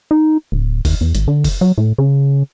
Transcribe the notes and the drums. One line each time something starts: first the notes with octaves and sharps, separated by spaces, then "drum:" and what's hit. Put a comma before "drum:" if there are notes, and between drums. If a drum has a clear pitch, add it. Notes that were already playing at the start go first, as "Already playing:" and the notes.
D#4
D1
D#2, drum: kick F1, open hi-hat
E2
G#1, drum: hi-hat
D3
drum: kick F1, open hi-hat
F#3
A2
C#3